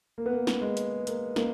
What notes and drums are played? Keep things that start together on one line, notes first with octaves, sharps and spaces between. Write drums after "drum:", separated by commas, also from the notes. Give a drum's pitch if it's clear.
A#3
B3
A#3
drum: snare
G#3
drum: hi-hat
A#3, drum: hi-hat
A#3, drum: snare